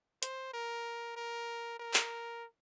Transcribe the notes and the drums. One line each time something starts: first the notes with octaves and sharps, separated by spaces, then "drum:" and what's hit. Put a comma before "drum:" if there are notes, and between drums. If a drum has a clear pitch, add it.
C5, drum: hi-hat
A#4
A#4
A#4
drum: clap